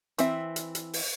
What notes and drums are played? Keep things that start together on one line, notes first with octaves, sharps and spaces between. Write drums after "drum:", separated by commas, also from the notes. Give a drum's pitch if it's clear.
E3 C4 E5, drum: hi-hat
drum: hi-hat
drum: hi-hat
drum: open hi-hat